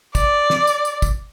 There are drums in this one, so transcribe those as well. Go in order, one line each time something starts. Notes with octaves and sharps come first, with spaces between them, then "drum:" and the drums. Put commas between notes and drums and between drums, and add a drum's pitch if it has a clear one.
D5, drum: kick, tambourine
drum: snare
drum: tambourine
drum: tambourine
drum: kick, tambourine